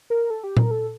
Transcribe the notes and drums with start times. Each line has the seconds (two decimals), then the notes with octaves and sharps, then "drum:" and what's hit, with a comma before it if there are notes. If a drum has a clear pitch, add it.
0.10 A#4
0.30 A4
0.44 G4
0.57 A#4, drum: tom A#2
0.71 A4